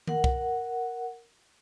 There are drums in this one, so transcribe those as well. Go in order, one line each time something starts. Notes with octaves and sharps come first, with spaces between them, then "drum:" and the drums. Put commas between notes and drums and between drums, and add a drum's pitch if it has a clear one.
A#4 F#5, drum: tom D#3
drum: kick